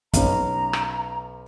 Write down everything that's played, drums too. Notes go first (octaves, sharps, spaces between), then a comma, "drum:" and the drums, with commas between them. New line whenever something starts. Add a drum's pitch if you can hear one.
B1 C#4 A#5, drum: kick, hi-hat
drum: rim click